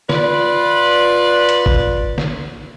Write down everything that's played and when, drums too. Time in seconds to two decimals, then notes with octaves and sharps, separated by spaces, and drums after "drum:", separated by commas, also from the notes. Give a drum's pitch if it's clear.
0.09 F4 B4 D5, drum: snare
1.49 drum: hi-hat
1.66 drum: kick
2.18 drum: snare